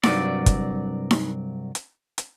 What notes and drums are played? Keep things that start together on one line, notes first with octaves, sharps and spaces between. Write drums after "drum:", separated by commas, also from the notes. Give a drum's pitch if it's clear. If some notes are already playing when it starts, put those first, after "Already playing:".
C2 G2 F#3 D5, drum: snare D#4
drum: kick, hi-hat
drum: snare D#4
drum: hi-hat
drum: hi-hat